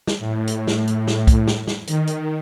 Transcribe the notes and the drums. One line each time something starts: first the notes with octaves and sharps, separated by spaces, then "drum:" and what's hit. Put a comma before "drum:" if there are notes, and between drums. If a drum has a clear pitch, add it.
drum: snare
A2
drum: hi-hat
drum: snare
drum: hi-hat
drum: snare
drum: kick, hi-hat
drum: snare
drum: snare
D#3, drum: hi-hat
drum: hi-hat